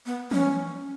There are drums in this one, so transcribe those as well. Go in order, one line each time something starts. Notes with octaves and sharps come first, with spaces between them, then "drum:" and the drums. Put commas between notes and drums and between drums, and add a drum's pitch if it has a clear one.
B3
C#4, drum: tom E3